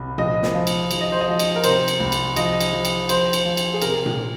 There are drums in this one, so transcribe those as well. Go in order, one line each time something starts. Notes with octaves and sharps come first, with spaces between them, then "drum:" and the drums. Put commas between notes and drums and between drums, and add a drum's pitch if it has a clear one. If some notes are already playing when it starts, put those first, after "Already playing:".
Already playing: C2
F3 D#5, drum: tom A#2
drum: snare
F3
drum: cymbal
F3, drum: cymbal
D#5
C5
D#5
F3
drum: cymbal
A#4
C3 C5, drum: cymbal
drum: cymbal
C2
drum: cymbal
F3 D#5, drum: cymbal
drum: cymbal
F3
drum: cymbal
F3 C5, drum: cymbal
drum: cymbal
F3
drum: cymbal
G#4
C3 A#4, drum: cymbal
drum: tom A#2